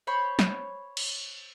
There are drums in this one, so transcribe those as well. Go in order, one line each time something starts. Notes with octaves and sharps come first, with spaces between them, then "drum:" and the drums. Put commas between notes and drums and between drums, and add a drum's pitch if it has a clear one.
C5 C#5 B5 C#6
drum: snare
drum: cymbal